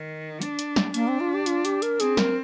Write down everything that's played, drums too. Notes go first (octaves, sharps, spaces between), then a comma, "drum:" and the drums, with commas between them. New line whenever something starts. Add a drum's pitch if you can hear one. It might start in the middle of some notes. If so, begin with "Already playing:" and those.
Already playing: D#3
D4, drum: hi-hat
drum: hi-hat
drum: snare
A#3 D4, drum: hi-hat
C4
F4
G4
F4, drum: hi-hat
G4, drum: hi-hat
A#4, drum: hi-hat
C4 G#4, drum: hi-hat
A#4, drum: snare